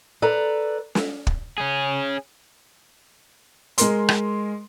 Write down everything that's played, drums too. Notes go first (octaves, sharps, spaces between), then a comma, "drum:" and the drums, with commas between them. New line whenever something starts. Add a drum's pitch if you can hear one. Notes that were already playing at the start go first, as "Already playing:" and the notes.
A4 B4 D5 A#5
drum: snare
drum: kick
C#4 G#4
G#3 A#4 C6, drum: hi-hat
drum: rim click